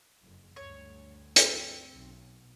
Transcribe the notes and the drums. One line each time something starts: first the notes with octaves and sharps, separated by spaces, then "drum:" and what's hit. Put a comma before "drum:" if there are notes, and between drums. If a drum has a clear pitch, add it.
F#1 F2
D2 G2 C#5
C4, drum: hi-hat
B1